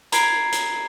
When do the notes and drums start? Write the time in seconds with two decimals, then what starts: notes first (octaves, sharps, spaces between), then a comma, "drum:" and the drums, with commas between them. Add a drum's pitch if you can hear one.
0.12 A#5 B5 G#6 C7 D7, drum: hi-hat
0.52 drum: hi-hat